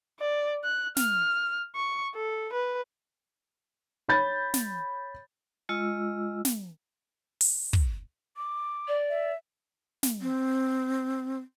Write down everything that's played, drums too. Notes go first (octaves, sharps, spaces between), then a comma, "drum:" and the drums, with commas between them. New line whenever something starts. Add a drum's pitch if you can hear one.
D5
F#6
F6, drum: snare
C#6
A4
B4
C#5 B5 G6 A6
drum: snare
G#3 F4 D#5 E6
drum: snare
drum: open hi-hat
drum: kick
D6
D5
E5
drum: snare
C4